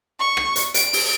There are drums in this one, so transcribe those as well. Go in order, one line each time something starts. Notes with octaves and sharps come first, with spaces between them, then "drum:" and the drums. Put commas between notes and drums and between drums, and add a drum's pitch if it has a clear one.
C#6
drum: rim click
drum: hi-hat
D7, drum: hi-hat
drum: open hi-hat